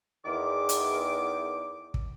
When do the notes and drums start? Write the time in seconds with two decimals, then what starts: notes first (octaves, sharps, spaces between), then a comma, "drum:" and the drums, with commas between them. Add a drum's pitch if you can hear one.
0.25 E2 D#3 D6
0.69 drum: hi-hat
1.94 drum: kick